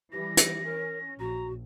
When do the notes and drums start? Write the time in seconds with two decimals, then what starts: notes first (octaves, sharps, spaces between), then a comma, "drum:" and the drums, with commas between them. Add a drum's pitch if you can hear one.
0.12 E3 G3 G4 A#6
0.37 drum: hi-hat
0.65 C#4 A#4
1.19 A#1 F#4 A#5